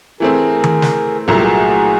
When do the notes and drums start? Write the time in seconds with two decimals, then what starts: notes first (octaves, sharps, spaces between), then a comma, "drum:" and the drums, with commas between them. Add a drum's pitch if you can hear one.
0.20 E3 A3 C4 G#4 A#4
0.64 drum: tom D#3
0.82 drum: snare
1.27 C2 A#2 F#3 A3 G#4
1.36 G4
1.42 F#4 G#4